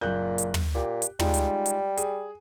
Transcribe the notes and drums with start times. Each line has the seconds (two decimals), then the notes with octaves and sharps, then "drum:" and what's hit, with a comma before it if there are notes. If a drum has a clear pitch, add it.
0.01 F#1 A#2 F#6 G6
0.38 drum: hi-hat
0.54 drum: tom
0.75 A#2 G4
1.02 drum: hi-hat
1.19 G3 G#3 D#4 F4, drum: tom
1.34 drum: hi-hat
1.66 drum: hi-hat
1.97 G#4, drum: hi-hat